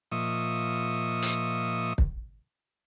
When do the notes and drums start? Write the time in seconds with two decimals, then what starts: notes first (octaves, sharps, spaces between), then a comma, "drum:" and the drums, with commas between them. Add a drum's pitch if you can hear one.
0.12 A#2 F3 D#5 E5 C#6 D#6
1.22 drum: hi-hat
1.98 drum: kick